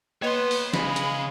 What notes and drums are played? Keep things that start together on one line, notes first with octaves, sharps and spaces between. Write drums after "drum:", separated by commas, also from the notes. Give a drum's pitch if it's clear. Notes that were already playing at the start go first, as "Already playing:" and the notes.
A#3 B3 B4 C#5 D#5 C6
drum: open hi-hat
C#3 G#3 B5, drum: snare
drum: hi-hat